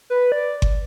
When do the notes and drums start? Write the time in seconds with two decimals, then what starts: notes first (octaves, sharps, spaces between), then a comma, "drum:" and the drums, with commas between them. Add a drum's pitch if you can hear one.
0.10 B4
0.32 D5
0.62 drum: kick G1